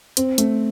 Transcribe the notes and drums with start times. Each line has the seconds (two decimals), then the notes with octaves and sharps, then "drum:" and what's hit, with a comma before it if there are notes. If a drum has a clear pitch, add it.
0.17 C4, drum: hi-hat
0.38 A3, drum: hi-hat